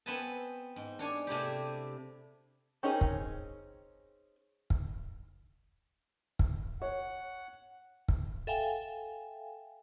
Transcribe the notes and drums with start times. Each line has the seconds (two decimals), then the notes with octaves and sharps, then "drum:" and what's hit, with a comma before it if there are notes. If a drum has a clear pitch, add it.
0.06 B3 C4 B4 E5 G#5 A5
0.76 G#2
0.99 D4 C#5 G#5
1.27 C3 A3 E4 G4
2.83 C4 C#4 D#4 G#4 A#4
3.01 drum: kick
4.70 drum: kick
6.39 drum: kick
6.82 C#5 F#5
8.08 drum: kick
8.47 A4 E5 F5 G5 G#5